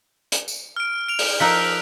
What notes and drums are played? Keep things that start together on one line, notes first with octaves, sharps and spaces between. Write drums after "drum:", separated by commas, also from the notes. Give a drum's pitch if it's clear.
drum: hi-hat
drum: tambourine
F6 D7
D7 F7
drum: open hi-hat
F3 D#4 A#4 E6 F#6 B6